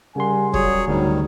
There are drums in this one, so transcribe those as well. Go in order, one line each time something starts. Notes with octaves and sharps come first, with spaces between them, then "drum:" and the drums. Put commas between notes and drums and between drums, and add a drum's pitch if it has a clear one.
C#3 G3 A#4 F#5 G#5 C6
F#3 G3 G#4 C#5, drum: kick
G1 D2 C3 D#3 G3